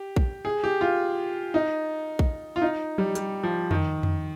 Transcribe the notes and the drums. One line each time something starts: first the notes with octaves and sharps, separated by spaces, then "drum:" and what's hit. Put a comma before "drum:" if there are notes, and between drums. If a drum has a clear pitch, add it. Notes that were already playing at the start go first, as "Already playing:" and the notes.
Already playing: G4
drum: kick A#1
G#4
G4
F4
D#4
drum: kick A#1
F4
D#4
G3, drum: tom F3
G3, drum: hi-hat
F3
D#3, drum: tom F2
drum: tom F2